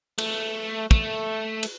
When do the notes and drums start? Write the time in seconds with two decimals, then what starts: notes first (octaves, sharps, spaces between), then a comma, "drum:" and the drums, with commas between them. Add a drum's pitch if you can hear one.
0.18 A3, drum: cymbal
0.91 A3, drum: kick
1.63 drum: cymbal